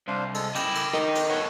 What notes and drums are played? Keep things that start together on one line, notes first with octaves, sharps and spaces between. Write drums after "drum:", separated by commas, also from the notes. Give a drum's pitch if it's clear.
C2 D4 C5 F5
G#3 A4, drum: cymbal
C#3 E4 D#5 G5 D6, drum: cymbal
drum: cymbal
D#3 D#4, drum: rim click
drum: cymbal
B3 A4 C#5 F#5